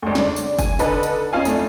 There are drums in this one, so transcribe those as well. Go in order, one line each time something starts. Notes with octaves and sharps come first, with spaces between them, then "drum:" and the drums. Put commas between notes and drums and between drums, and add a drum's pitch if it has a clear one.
G#1 D2
C#3 D4, drum: snare
drum: tambourine
G#5, drum: kick, tambourine
D3 D#4 A4 B4, drum: tambourine
drum: tambourine
C#4 D#4 F4 F5 G#5
F2 A3 D4, drum: tambourine